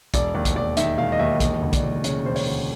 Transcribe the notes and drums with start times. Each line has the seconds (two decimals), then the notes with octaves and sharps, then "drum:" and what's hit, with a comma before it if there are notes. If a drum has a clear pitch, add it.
0.14 E1 D5, drum: kick, hi-hat
0.35 D#2 D5
0.45 drum: kick, hi-hat
0.56 E1 D5
0.77 D#3 E5, drum: hi-hat
0.98 E1 F5
1.12 D#5
1.19 D#2 E5
1.40 E1 D#5, drum: kick, hi-hat
1.62 D2
1.73 D5, drum: kick, hi-hat
1.83 E1
2.04 C#3 C#5, drum: hi-hat
2.25 E1 C5
2.36 C#5, drum: open hi-hat
2.47 D2